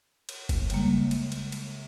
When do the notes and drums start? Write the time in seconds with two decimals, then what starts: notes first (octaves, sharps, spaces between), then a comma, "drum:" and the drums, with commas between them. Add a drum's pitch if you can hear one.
0.29 drum: cymbal
0.49 drum: kick F#1, cymbal
0.70 C#3 G3 G#3 A#3, drum: cymbal
1.11 drum: cymbal
1.32 drum: cymbal
1.52 drum: cymbal